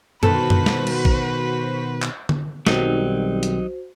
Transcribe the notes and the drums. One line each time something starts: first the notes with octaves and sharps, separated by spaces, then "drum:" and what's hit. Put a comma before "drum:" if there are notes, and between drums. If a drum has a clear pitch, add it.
B2 D#3 F#4 A4 B4 C5 B6, drum: tom F#2
drum: tom F#2
drum: snare
drum: cymbal
drum: kick
drum: clap
drum: tom D3
B1 D#3 F#3 G3 C4 D#4 F#4 C5, drum: snare
drum: hi-hat